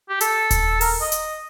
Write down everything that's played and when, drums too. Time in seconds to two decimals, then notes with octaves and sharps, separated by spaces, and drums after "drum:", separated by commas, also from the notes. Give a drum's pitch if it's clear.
0.09 G4
0.21 A4, drum: hi-hat
0.51 drum: kick D#1, hi-hat
0.81 A#4, drum: open hi-hat
1.02 D#5
1.12 drum: hi-hat